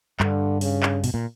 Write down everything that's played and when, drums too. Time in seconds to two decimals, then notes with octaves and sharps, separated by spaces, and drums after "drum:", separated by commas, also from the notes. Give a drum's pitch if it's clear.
0.20 G2 D3, drum: clap
0.61 C#3, drum: open hi-hat
0.83 drum: clap
1.04 B2, drum: open hi-hat
1.14 A#2